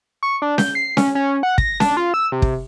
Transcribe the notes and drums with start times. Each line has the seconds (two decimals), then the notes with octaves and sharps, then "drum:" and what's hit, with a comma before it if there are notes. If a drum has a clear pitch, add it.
0.23 C#6
0.42 D4
0.58 G6, drum: snare C#4
0.75 C7
0.97 C#4, drum: snare C#4
1.15 C#4
1.43 F#5
1.58 A#6, drum: kick
1.80 D4, drum: snare C#4
1.97 F4
2.14 E6
2.32 C3
2.42 drum: kick